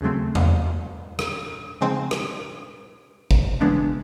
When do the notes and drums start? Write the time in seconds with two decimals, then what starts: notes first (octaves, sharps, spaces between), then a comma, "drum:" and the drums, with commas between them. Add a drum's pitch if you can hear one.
0.01 D#2 C#3 F#3 A3 C4
0.35 drum: tom E2
1.19 drum: rim click
1.81 C#3 F3 G#3 C4 D#4
2.11 drum: rim click
3.31 drum: kick G#1
3.60 C#3 E3 G#3 B3 D4